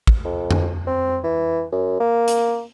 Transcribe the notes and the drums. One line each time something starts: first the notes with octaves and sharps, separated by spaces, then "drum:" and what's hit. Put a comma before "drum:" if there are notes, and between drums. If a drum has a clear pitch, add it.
drum: kick
F2
drum: tom F2
C4
E3
F#2
A#3
drum: hi-hat